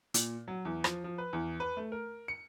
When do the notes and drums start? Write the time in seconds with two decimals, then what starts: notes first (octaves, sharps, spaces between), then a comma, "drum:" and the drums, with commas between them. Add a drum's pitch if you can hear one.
0.14 A#2, drum: hi-hat
0.48 F#3
0.65 E2
0.84 F3, drum: rim click
1.04 F3
1.18 B4
1.33 E2
1.60 B4
1.77 A3
1.92 A#4
2.28 C#7